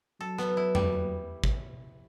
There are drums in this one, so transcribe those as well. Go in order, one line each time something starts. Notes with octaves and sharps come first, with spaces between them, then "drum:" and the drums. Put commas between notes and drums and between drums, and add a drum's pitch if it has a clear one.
F#3 A4
B3, drum: rim click
E4
G3, drum: tom F2
drum: kick